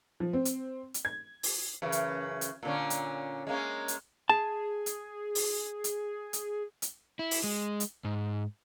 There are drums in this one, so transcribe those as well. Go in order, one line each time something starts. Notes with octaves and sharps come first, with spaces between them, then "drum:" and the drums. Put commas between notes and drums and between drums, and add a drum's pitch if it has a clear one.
F3
C4
drum: hi-hat
drum: hi-hat
G#6
drum: open hi-hat
F#2 C#3 E3
drum: hi-hat
drum: hi-hat
A#2 D3 C#4
drum: hi-hat
G#3 A#3 C#4
drum: hi-hat
G#4 A5
drum: hi-hat
drum: open hi-hat
drum: hi-hat
drum: hi-hat
drum: hi-hat
E4
drum: open hi-hat
G#3
drum: hi-hat
G#2